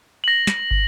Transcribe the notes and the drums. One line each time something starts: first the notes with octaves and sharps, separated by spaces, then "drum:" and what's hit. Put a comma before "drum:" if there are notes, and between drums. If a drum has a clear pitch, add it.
A#6 F#7
drum: snare
drum: kick